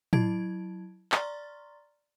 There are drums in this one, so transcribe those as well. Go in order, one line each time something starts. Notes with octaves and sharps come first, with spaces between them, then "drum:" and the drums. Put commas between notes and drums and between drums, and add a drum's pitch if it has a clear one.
F#3 E4 A5 G#6 D7, drum: tom A2
D5 A#5 C6 C#6 F6 A6, drum: clap